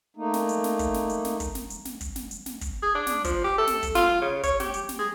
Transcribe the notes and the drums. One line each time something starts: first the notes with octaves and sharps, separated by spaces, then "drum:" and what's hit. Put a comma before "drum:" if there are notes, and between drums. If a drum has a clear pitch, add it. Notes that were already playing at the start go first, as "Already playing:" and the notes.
A3 A#3 D#4
drum: snare
drum: hi-hat
drum: snare
drum: kick, hi-hat
drum: snare
drum: hi-hat
drum: snare
drum: kick, hi-hat
drum: snare
drum: hi-hat
drum: snare
drum: kick, hi-hat
drum: snare
drum: hi-hat
drum: snare
drum: kick, hi-hat
G#4
D4
drum: snare
F3, drum: kick, hi-hat
G4
A4
drum: snare
drum: kick, hi-hat
F4, drum: snare
C#3
C#5, drum: kick, hi-hat
G4, drum: snare
drum: hi-hat
drum: snare
G#4